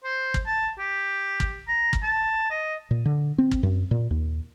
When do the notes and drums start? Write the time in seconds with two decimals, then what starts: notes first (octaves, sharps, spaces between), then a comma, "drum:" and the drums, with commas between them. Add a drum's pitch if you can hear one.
0.04 C5
0.34 drum: kick
0.46 A5
0.79 G4
1.40 drum: kick
1.68 A#5
1.93 drum: kick
2.03 A5
2.51 D#5
2.91 A#2
3.05 D3
3.38 C4
3.51 drum: kick
3.63 F#2
3.91 A#2
4.11 D#2